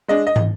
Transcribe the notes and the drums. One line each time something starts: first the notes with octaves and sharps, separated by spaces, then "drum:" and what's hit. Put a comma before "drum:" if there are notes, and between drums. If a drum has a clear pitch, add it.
G#3 D4 D#5
D#5
drum: tom